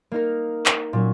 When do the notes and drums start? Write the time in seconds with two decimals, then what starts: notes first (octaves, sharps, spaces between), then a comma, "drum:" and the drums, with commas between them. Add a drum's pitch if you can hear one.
0.11 A#3 D#4 A#4
0.66 drum: clap
0.93 A#2 F#3 C#4